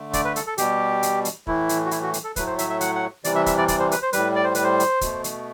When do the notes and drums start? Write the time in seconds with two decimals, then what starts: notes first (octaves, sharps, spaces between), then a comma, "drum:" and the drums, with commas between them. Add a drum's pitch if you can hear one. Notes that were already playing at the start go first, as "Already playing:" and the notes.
Already playing: D3 A3
0.13 D5, drum: kick, hi-hat
0.25 B4
0.36 A4, drum: hi-hat
0.47 A4
0.58 B2 G3 G4, drum: hi-hat
1.03 drum: hi-hat
1.25 drum: hi-hat
1.47 A2 E3 A3 E4, drum: kick
1.69 drum: hi-hat
1.86 F#4
1.91 E4, drum: hi-hat
2.02 F#4
2.14 drum: hi-hat
2.24 A4
2.36 A2 F#3 A3 B4, drum: kick, hi-hat
2.47 C5
2.59 E5, drum: hi-hat
2.70 E5
2.81 F#5, drum: hi-hat
2.95 F#5
3.24 C3 E3 G3 D5, drum: hi-hat
3.35 E5
3.46 E5, drum: kick, hi-hat
3.58 D5
3.68 D5, drum: kick, hi-hat
3.79 C5
3.91 B4, drum: hi-hat
4.02 C5
4.13 A2 G3 B4, drum: hi-hat
4.36 D5
4.44 C5
4.55 B4, drum: hi-hat
4.64 C5
4.80 drum: hi-hat
5.01 B2 A3, drum: kick, hi-hat
5.24 drum: hi-hat